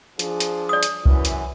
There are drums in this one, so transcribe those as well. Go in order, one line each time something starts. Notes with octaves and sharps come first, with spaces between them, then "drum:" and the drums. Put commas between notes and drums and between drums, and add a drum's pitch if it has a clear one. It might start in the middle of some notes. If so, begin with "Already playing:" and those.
F3 D4 G#4, drum: hi-hat
drum: hi-hat
D5 D#6
drum: hi-hat
F#2 E3, drum: kick C2
drum: hi-hat